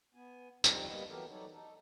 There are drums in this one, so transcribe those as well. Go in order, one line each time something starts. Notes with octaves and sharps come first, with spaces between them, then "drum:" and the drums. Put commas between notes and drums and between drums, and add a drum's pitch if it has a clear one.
B3 G#5
F2 D3 G3 C4 D#4, drum: tambourine
G3 A#3 B3 B4 D#5 F#5
E3 F#3 B3 G4 A4 A#4
F#3 D#4 A4 C#5 D5
D#4 A4